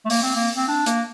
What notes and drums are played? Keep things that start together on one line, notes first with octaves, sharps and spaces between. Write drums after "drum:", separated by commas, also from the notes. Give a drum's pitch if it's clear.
A3
A#3, drum: open hi-hat
C4
A#3
C4
D4
A#3, drum: hi-hat